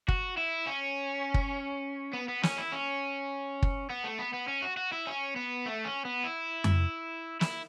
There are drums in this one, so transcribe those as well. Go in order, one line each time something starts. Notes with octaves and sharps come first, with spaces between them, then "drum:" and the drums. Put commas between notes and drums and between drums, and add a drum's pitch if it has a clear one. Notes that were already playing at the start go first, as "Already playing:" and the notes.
F#4, drum: kick
E4
C#4
drum: kick
B3
B3
C#4, drum: snare
E4
C#4
drum: kick
B3
A3
B3
B3
C#4
F#4
F#4
E4
C#4
B3
A3
C#4
B3
E4
drum: tom F2
E4, drum: snare